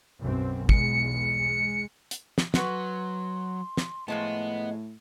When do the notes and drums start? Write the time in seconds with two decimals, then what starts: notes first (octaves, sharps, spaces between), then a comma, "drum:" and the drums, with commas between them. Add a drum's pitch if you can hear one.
0.20 B1 F#2 C4
0.69 B1 E2 G#3 C#7, drum: kick
1.41 G#3
2.11 drum: hi-hat
2.38 drum: snare
2.54 F#3 F#4 B4 C6, drum: snare
3.77 drum: snare
4.08 A2 F3 G#3 B3 D#5 A5